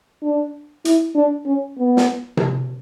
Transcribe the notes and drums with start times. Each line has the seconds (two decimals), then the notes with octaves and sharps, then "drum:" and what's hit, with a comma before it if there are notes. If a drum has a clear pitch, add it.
0.23 D4
0.85 E4, drum: hi-hat
1.15 D4
1.46 C#4
1.78 B3
1.97 drum: snare
2.37 drum: tom C3